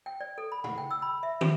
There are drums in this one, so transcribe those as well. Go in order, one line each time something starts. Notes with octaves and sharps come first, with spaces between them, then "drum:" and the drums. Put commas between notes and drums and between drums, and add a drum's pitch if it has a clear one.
G5
D5
A4
B5
F#5, drum: tom
G5
E6
B5
E5
G4, drum: tom